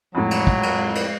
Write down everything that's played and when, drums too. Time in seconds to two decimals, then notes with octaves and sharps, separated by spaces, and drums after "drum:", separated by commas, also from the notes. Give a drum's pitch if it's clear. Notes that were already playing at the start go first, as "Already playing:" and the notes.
0.15 F2 A2 F#3 G#3
0.31 drum: cymbal
0.47 drum: kick
0.63 drum: cymbal
0.75 G#3
0.95 drum: cymbal